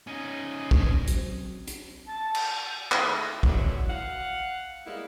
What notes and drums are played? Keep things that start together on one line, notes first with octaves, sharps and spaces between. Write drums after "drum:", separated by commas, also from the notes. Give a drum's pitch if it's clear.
C#4 D#4
drum: kick
F#3 C4, drum: hi-hat
drum: hi-hat
A5
drum: cymbal
D#3 A3 E4 G#4 A4, drum: clap
D3 D#3 F#3 B3 E4, drum: kick
F5 F#5
G3 G#3 A#3 B3 E4